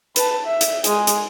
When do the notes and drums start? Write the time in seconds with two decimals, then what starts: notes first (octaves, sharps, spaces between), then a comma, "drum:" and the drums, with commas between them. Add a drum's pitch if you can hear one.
0.16 B4 A5, drum: hi-hat
0.46 E5
0.61 drum: hi-hat
0.84 G#3 G#4, drum: hi-hat
1.07 drum: hi-hat